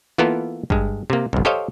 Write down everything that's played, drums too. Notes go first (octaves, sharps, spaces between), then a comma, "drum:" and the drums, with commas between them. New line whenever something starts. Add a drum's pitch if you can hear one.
E3 A#3 B3 F4 A4 A#4
G2 G#3, drum: kick
C3 A#3
G1 C2
G4 A4 C5 C#5 D#5 F5